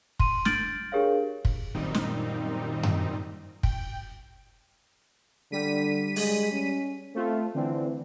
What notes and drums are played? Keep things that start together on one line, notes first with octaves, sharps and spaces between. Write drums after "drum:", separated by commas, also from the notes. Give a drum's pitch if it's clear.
C6 D#7, drum: kick
F6 G6 A6 D7 F#7, drum: snare
D4 G4 G#4 A#4 C#5 F5
drum: kick
F#2 A#2 D#3 G3 C4 D#4
drum: snare
drum: tom F#2
G5, drum: kick
D3 G3 B6 D#7
G#3, drum: open hi-hat
C#4
A3 C4 F4
D3 E3 C4